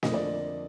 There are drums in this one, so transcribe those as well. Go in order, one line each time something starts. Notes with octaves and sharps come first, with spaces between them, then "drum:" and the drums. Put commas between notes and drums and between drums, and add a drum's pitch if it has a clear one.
F2 D3 F3 A#3 D#5, drum: snare
D5